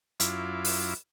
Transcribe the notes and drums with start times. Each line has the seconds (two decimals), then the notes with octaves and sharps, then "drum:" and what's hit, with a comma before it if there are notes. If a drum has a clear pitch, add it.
0.20 F#2 E4 F4 D6, drum: hi-hat
0.65 drum: open hi-hat